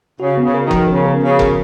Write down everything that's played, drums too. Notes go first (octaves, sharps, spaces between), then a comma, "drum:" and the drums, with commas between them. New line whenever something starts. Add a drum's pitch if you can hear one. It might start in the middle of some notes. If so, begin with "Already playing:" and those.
C#3 F#4
C#3 B3
A#4
D#3
F3, drum: kick F#1
C#3 A#4
A#4
C#3 B3
A#4, drum: kick F#1